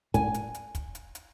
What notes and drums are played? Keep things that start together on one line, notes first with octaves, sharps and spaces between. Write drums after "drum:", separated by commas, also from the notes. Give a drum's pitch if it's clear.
G#5, drum: kick, hi-hat
drum: hi-hat
drum: hi-hat
drum: kick, hi-hat
drum: hi-hat
drum: hi-hat